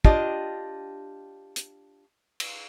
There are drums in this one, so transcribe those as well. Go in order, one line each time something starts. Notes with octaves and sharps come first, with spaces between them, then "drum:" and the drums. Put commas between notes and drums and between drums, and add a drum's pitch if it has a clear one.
D4 F4 G4 D#5, drum: kick
drum: hi-hat
drum: cymbal